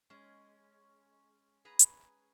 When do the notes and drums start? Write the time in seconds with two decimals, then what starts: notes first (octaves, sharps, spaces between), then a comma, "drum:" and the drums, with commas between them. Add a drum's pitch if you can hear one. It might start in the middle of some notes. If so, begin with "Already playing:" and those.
0.10 G#3 C#4
1.65 G#4 B4 A#5
1.79 drum: hi-hat